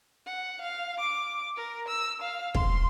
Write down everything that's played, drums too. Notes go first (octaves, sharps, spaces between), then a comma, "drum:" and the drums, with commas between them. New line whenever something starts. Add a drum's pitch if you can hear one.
F#5
F5
D6
A#4
E6
F5
C6, drum: kick